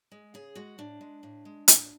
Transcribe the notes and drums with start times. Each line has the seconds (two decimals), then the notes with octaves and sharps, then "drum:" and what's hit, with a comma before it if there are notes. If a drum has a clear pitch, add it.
0.12 G#3
0.34 C#3 G#4
0.55 G#3 F#4
0.78 A2 D4
1.01 G#3
1.23 A2
1.45 G#3
1.68 A2, drum: hi-hat